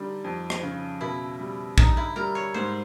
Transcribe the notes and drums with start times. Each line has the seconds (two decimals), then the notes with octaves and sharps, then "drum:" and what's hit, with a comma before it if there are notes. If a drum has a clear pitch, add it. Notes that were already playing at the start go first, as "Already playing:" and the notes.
Already playing: D3 G3 D#4
0.24 F2
0.50 drum: rim click
0.63 C#3
1.01 B2 E4
1.40 G3
1.78 D3 D#4, drum: kick
1.97 E4
2.16 G3 A#4
2.35 C#5
2.54 G#2 C5